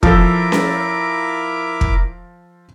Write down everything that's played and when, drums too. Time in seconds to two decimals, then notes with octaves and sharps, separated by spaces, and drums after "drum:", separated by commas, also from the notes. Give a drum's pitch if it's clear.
0.03 F3 E4 A4 A#4 D6, drum: kick
0.52 drum: snare C#4
1.81 drum: kick